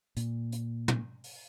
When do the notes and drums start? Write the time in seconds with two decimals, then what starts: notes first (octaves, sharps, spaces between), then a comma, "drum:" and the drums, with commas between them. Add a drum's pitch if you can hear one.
0.17 A#2, drum: hi-hat
0.52 drum: hi-hat
0.88 drum: tom
1.24 drum: open hi-hat